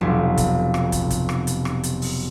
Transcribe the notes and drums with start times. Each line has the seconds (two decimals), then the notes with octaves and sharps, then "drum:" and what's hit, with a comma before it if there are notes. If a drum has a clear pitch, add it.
0.01 F1 B1
0.37 drum: kick, hi-hat
0.74 drum: rim click
0.92 drum: kick, hi-hat
1.10 drum: kick, hi-hat
1.29 drum: rim click
1.47 drum: hi-hat
1.65 drum: rim click
1.83 drum: hi-hat
2.02 drum: open hi-hat